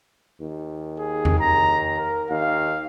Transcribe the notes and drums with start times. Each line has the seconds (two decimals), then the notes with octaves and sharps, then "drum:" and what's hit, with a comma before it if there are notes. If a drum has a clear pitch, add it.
0.41 D#2
0.99 G#4
1.25 drum: tom E2
1.40 A#5
1.97 A#4
2.30 D#2 F5